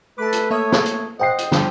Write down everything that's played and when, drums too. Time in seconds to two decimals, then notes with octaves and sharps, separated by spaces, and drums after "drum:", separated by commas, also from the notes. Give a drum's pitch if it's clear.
0.18 A3 B4 A5 D6
0.32 drum: hi-hat
0.51 A#3 C#5 E5 D#6
0.72 drum: snare
0.85 drum: hi-hat
1.19 C5 D#5 F#5 G5 C7
1.38 drum: hi-hat
1.52 G2 D3 F3 G4, drum: snare